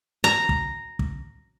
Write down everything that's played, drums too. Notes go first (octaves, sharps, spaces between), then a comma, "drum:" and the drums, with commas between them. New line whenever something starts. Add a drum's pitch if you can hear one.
A#5
drum: kick
drum: kick